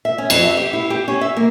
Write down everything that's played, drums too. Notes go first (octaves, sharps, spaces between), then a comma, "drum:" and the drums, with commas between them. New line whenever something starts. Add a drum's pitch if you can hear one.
E5
C#4
F2, drum: cymbal
E5
G4
E4
G4
C#4
E5
A#3